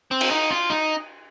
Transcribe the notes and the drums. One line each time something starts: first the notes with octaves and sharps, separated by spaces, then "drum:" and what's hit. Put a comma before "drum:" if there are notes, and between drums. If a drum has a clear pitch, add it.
C4
drum: cymbal
D#4
F4
D#4